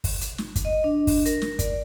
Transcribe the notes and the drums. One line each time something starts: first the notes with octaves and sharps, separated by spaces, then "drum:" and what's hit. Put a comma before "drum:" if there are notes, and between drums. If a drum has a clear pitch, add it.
drum: kick, open hi-hat
drum: hi-hat
drum: snare
drum: kick, hi-hat
D#5
D4
drum: kick, open hi-hat
A#4, drum: hi-hat
drum: snare
D5, drum: kick, hi-hat